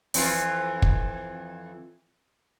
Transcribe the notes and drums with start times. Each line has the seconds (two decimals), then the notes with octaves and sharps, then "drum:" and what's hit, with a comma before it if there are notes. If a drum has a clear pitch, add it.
0.14 F2 E3 F4, drum: open hi-hat
0.82 drum: kick